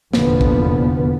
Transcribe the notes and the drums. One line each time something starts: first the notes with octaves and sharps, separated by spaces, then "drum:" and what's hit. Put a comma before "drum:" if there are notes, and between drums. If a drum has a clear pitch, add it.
F1 E2 A#2 D3 F3 B3, drum: snare
drum: kick